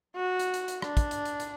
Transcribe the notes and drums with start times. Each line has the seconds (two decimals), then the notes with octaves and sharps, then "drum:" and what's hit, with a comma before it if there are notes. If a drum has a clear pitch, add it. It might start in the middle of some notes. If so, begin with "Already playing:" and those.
0.16 F#4
0.39 drum: hi-hat
0.54 drum: hi-hat
0.68 drum: hi-hat
0.82 D4, drum: rim click
0.97 drum: kick, hi-hat
1.11 drum: hi-hat
1.25 drum: hi-hat
1.40 drum: hi-hat